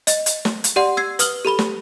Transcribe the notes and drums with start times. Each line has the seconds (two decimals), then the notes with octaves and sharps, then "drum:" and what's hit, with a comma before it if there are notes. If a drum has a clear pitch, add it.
0.07 D#5, drum: hi-hat
0.26 drum: hi-hat
0.45 drum: snare
0.64 drum: hi-hat
0.76 G4 D5 F#5 C6
0.97 E6 G#6 C7
1.19 B4 D#6 F6 F#7 G7, drum: hi-hat
1.45 G4 A4 B5 G7
1.59 drum: snare